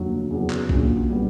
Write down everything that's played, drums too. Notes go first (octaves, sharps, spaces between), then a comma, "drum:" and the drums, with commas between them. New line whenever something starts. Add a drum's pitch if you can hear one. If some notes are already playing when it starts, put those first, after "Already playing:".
Already playing: F1 D#2 D3 F#3
E2 C#3 F#3 B3
drum: clap
A#1 A#2 F#3, drum: kick B1
D3 G3 B3